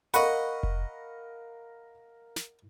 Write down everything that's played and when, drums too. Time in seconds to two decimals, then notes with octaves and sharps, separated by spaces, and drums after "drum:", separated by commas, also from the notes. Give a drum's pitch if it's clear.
0.14 A#4 D#5 F5 F#5 B5 C#6 F#6, drum: hi-hat
0.63 drum: kick F1
2.36 drum: snare